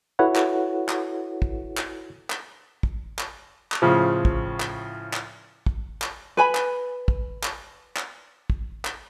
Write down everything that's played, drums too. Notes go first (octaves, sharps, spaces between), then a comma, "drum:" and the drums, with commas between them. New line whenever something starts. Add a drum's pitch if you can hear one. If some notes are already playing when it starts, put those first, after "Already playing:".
E4 F#4 A4 B4 C#5 F#5
drum: clap
drum: clap
drum: kick
drum: clap
drum: clap
drum: kick
drum: clap
drum: clap
A2 C#3 F3
drum: kick
drum: clap
drum: clap
drum: kick
drum: clap
B4 G#5 B5
drum: clap
drum: kick
drum: clap
drum: clap
drum: kick
drum: clap